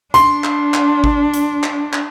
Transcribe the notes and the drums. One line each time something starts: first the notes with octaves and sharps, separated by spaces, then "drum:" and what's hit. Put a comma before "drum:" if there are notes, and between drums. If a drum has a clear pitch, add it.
D4 C6, drum: hi-hat
drum: clap
drum: clap
drum: kick G#1
drum: hi-hat
drum: clap
drum: clap